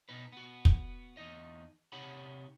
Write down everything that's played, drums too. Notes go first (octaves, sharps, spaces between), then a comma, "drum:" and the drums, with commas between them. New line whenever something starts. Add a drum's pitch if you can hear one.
B2 D#4 B4
B3 F#4
drum: kick
E2 D#4 D#5
C3 D#4 G4 C#5 F#5 B5